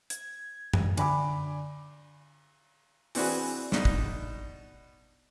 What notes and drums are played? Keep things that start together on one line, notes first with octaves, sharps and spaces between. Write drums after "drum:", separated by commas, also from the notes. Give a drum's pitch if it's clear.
G#6, drum: hi-hat
drum: tom F#2
D3 G#5 B5 D6, drum: cymbal
E3 C4 D4 F#4 G#4 B4, drum: open hi-hat
B2 D4 D#4, drum: snare
drum: kick